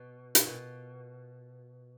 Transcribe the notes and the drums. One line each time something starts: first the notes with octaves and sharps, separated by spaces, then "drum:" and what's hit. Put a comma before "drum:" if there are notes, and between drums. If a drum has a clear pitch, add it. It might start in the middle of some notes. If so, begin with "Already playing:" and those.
Already playing: B2
A#2, drum: hi-hat
B2